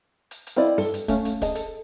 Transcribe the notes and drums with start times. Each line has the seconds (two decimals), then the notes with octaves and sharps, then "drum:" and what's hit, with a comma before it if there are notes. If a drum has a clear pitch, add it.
0.31 drum: hi-hat
0.47 drum: hi-hat
0.56 C4 E4 D5 D#5 F5
0.78 G2 A4, drum: open hi-hat
0.94 drum: hi-hat
1.08 A3 C#4 F5, drum: kick, hi-hat
1.25 drum: hi-hat
1.42 G#4 D#5 A5, drum: kick, hi-hat
1.55 A4, drum: hi-hat